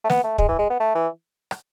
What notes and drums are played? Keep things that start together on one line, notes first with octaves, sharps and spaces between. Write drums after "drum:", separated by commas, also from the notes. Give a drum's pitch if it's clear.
A3
B3, drum: snare
A3
G#3, drum: kick
E3
G#3
B3
A3
E3
drum: rim click